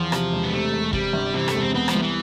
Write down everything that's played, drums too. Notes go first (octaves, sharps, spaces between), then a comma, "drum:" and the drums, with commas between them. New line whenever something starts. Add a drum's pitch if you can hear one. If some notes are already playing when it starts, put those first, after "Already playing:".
Already playing: E2 F3
C3, drum: rim click
E1
B3
C3 A3
E1
C3 G3, drum: kick
G1
C3 E3
A3, drum: rim click
E1
C4
B3 C4
F3, drum: rim click
C2
E3